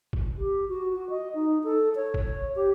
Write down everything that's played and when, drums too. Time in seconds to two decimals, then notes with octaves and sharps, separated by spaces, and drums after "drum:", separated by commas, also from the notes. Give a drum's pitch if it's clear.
0.13 drum: kick G1
0.38 G4
0.68 F#4
0.93 F#4
1.10 D#5
1.34 D#4
1.64 A4
1.95 C#5
2.14 drum: kick G1
2.56 G4